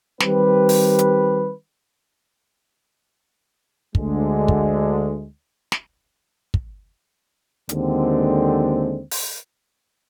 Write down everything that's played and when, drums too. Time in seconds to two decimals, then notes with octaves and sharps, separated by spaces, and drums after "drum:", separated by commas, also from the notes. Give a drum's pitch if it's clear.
0.20 D#3 G3 C4 G4 B4, drum: snare
0.69 drum: open hi-hat
0.99 drum: hi-hat
3.95 D2 D3 G#3, drum: kick
4.48 drum: kick
5.72 drum: snare
6.54 drum: kick
7.69 D#2 D3 G#3 C4, drum: hi-hat
9.11 drum: open hi-hat